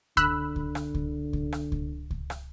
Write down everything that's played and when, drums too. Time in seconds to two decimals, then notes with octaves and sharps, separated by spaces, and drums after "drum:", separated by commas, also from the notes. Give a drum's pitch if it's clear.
0.17 D3 B5 E6 F#6, drum: kick C#2
0.56 drum: kick C#2
0.75 drum: rim click
0.94 drum: kick C#2
1.33 drum: kick C#2
1.52 drum: rim click
1.72 drum: kick C#2
2.11 drum: kick C#2
2.30 drum: rim click